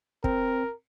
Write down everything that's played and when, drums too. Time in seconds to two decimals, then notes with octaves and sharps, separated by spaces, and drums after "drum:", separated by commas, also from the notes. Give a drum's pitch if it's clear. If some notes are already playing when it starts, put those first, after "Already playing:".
0.24 C4 A#4, drum: kick